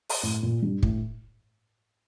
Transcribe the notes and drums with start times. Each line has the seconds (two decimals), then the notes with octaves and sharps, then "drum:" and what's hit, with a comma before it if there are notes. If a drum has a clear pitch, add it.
0.09 drum: open hi-hat
0.23 A2
0.43 A#2
0.62 G2
0.83 A2, drum: kick